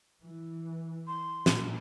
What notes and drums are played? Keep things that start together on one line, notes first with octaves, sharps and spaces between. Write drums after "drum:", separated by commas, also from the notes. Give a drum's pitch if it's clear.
E3
C6
A#2, drum: snare